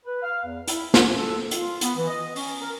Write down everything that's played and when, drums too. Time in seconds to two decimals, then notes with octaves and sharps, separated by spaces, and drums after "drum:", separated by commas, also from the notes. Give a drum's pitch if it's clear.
0.05 B4
0.22 F5
0.45 E2
0.68 E4, drum: hi-hat
0.94 F3, drum: snare
1.17 A4
1.51 F4, drum: hi-hat
1.81 B3, drum: hi-hat
1.96 E3
2.07 D#5
2.36 C#4, drum: open hi-hat
2.60 A#4